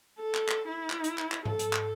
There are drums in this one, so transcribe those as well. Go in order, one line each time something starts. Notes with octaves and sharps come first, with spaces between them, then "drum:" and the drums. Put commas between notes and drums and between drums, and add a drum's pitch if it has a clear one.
A4
drum: clap
drum: clap
E4
drum: clap
drum: hi-hat
drum: clap
drum: clap
A4, drum: tom G#2
drum: hi-hat
drum: clap